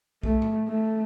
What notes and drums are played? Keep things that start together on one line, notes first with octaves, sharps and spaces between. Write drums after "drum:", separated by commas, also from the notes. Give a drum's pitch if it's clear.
A3, drum: kick B1
drum: tom A2
A3